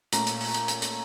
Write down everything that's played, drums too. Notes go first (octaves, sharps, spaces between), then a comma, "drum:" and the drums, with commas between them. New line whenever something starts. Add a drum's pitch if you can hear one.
A#2 A3 C#4 A#5, drum: hi-hat
drum: hi-hat
drum: open hi-hat
drum: hi-hat
drum: hi-hat
drum: hi-hat